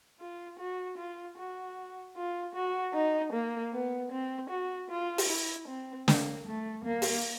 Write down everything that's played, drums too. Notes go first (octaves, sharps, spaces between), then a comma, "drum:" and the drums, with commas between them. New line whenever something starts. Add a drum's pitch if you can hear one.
F4
F#4
F4
F#4
F4
F#4
D#4
A#3
B3
C4
F#4
F4
drum: open hi-hat
E4
C4
A#3, drum: snare
A3
A#3
drum: open hi-hat